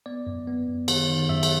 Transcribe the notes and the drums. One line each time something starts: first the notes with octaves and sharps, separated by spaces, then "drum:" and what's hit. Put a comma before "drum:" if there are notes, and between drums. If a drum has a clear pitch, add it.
B3 D5
F#2
B3
F#2
D#3, drum: cymbal
D#3
F#2 E5
drum: cymbal